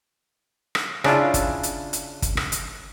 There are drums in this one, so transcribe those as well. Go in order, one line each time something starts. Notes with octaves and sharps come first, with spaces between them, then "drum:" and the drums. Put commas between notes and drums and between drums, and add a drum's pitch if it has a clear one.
drum: rim click
C#3 D4 E4 F4, drum: rim click
drum: kick, hi-hat
drum: hi-hat
drum: hi-hat
drum: kick, hi-hat
drum: rim click
drum: hi-hat